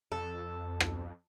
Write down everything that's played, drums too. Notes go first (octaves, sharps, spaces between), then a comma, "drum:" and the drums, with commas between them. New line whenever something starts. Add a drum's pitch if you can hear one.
F2 A4
drum: rim click